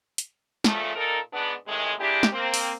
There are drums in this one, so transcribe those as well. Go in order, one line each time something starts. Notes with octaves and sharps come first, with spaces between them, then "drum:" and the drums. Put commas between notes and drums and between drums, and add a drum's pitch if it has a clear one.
drum: hi-hat
A#2 C#3 F3 A3, drum: snare
A#2 D#4 A4 A#4
G#2 B3 D4
A2 C3 D#3 G#3
G#3 A#3 D4 E4 G4
drum: snare
A#3 C4
drum: open hi-hat